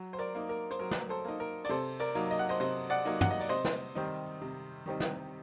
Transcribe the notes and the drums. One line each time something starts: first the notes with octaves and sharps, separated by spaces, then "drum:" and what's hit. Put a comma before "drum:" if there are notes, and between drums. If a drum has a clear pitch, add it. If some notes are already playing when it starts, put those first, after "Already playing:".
Already playing: F#3
C5
A#4 D5
A#3 D#4
A#4
C5, drum: hi-hat
F#3 A#4
drum: snare
A4 C5
A#3 D#4
A#4
D5, drum: hi-hat
C3 A4 C5
A#4 D5
F#3 A#3 D#4
D#5
F#5
C5 D#5
C3 C5 D#5, drum: hi-hat
D5 F#5
F#3 A#3 D#4
F#5, drum: tom
D#5
D5, drum: open hi-hat
C3 C5 D#5
drum: snare
D#3 G3 C4 D#4
C3
D#3 G3 C4 D#4
drum: snare